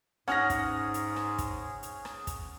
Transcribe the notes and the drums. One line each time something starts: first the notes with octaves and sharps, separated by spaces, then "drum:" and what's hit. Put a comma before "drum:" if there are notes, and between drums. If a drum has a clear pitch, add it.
G#2 C#4 G#4 F#5 F6 A#6, drum: rim click
drum: kick, hi-hat
drum: hi-hat
drum: rim click
drum: kick, hi-hat
drum: hi-hat
drum: rim click
drum: kick, hi-hat